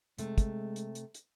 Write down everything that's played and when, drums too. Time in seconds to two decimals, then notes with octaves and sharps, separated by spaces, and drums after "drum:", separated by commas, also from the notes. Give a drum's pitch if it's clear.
0.18 C3 G#3 A3, drum: hi-hat
0.38 drum: kick, hi-hat
0.76 drum: hi-hat
0.95 drum: hi-hat
1.14 drum: hi-hat